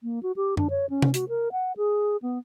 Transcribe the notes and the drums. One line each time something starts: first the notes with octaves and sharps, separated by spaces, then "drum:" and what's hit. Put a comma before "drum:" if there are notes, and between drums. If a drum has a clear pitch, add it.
A#3
F#4
G4
D4, drum: tom F#2
C#5
C#4
drum: tom C3
F#4, drum: hi-hat
A#4
F#5
G#4
B3